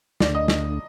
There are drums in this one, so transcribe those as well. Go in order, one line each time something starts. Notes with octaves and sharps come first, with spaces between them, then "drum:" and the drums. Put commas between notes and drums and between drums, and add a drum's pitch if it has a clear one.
D2 D3 A3 D4 D5, drum: snare
D#5
drum: snare